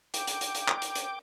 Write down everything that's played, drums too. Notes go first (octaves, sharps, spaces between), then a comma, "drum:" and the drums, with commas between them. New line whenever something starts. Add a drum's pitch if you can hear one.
G5 D6, drum: hi-hat
drum: hi-hat
drum: hi-hat
drum: hi-hat
drum: clap
drum: hi-hat
drum: hi-hat